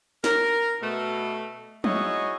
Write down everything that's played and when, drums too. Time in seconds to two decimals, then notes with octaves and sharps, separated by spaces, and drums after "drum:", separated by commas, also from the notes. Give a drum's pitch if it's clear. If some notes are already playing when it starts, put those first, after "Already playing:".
0.24 A#4, drum: snare
0.81 B2 A3
1.84 D#4 E4 F#4 G#4 C#5 D#5, drum: tom